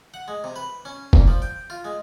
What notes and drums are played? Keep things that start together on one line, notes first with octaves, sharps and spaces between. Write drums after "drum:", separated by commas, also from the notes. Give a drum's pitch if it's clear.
F#5
G#3
C3
B4
C#4
A#2, drum: kick
F3
G5
F4
G#3